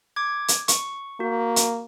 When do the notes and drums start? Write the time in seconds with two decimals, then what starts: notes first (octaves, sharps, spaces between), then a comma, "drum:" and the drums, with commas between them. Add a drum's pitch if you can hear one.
0.16 D6 G#6
0.48 drum: hi-hat
0.68 C#6, drum: hi-hat
1.20 A#3 F#4
1.56 drum: hi-hat